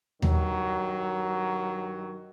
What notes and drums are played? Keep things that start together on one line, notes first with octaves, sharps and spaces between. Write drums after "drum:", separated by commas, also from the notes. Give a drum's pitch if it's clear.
G2 D#3 F#3, drum: tom D#2